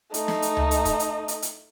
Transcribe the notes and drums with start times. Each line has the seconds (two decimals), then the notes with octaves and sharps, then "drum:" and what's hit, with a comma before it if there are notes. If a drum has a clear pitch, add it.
0.14 A3 D#4, drum: hi-hat
0.28 drum: snare
0.42 drum: hi-hat
0.57 drum: tom C#2
0.71 drum: hi-hat
0.85 drum: kick, hi-hat
1.00 drum: hi-hat
1.28 drum: hi-hat
1.42 drum: hi-hat